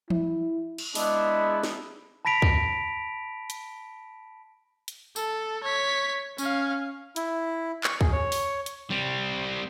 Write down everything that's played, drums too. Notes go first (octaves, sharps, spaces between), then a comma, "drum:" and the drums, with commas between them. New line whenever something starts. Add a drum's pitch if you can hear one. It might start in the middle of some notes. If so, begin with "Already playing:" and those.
E4, drum: tom E3
drum: cymbal
G#3 B3 D4 E4, drum: open hi-hat
drum: snare
A5 B5 A#6 B6 D7 F7
drum: kick
drum: hi-hat
drum: hi-hat
A4, drum: tambourine
C#5 B6
C#4 F5, drum: tambourine
E4, drum: hi-hat
C#6, drum: clap
G#4, drum: kick
C#5
drum: open hi-hat
drum: hi-hat
G3 C4